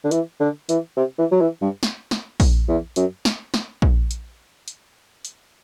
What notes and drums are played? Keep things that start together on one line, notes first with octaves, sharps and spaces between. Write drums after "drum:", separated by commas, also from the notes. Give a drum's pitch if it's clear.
D3
E3, drum: hi-hat
D3
E3, drum: hi-hat
C3
E3
F#3
E3
G2
drum: snare
drum: snare
drum: kick A#1, open hi-hat
E2
F#2, drum: hi-hat
drum: snare
drum: snare
drum: kick A#1
drum: hi-hat
drum: hi-hat
drum: hi-hat